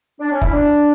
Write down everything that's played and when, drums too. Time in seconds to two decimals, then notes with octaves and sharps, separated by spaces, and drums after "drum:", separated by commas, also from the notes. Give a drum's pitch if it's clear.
0.20 D4
0.31 C#4
0.42 E4, drum: kick
0.52 D4